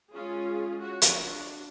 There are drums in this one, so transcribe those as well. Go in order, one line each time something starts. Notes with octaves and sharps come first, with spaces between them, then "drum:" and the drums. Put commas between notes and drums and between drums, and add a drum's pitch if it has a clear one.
G#3 C#4 F4 G#4
F#4 C#5
drum: hi-hat
D4